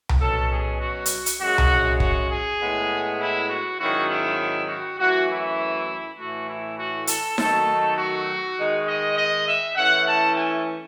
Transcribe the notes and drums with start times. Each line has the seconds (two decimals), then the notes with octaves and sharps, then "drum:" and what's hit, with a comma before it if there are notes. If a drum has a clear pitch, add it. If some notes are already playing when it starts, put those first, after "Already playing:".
0.09 drum: tom C2
0.21 B2 F#3 C#4 A4
0.51 G#4
0.80 F#4
1.06 drum: hi-hat
1.26 drum: hi-hat
1.40 F#2 C#3 G#3 C#4 F#4
1.58 drum: tom C2
2.00 F#4, drum: kick
2.30 G#4
2.59 A2 G#3 B3
3.19 E4
3.49 F#4
3.79 G#2 D#3 F#3 C#4 E4 F#4
4.09 E4
4.69 F#4
4.99 F#2 E3 A3 E4 F#4
5.29 E4
6.18 A2 E3 A3 F#4
6.48 E4
6.79 F#4
7.07 A4, drum: hi-hat
7.38 D#3 F#3 A3 D#4 A4, drum: snare D#4
7.97 F#4
8.58 D#3 G#3 D#4
8.87 D#5
9.17 D#5
9.47 E5
9.76 E3 A3 C#4 E4 F#5
10.07 A5
10.36 G#5